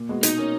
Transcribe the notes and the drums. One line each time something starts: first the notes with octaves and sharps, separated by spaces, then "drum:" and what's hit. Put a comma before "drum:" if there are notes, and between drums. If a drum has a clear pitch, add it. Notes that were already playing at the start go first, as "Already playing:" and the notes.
Already playing: A#2
G#3 B3 F#4
B2 D#4, drum: hi-hat
A#3 C#4